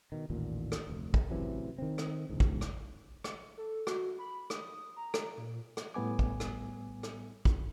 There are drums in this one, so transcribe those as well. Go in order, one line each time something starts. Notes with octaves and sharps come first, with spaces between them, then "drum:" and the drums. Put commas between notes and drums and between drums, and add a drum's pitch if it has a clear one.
B2 D#3
A1 D#2 A#2 D3
drum: rim click
F1 D2
drum: kick
A1 C3 E3 F#3
D#3 C4
drum: rim click
E1 C#2 G#2
drum: kick
drum: rim click
drum: rim click
A4
F#4, drum: rim click
B5
D#6, drum: rim click
A#5
drum: rim click
A#2
drum: rim click
A2 G3 B3 G#5 D6
drum: kick
drum: rim click
drum: rim click
drum: kick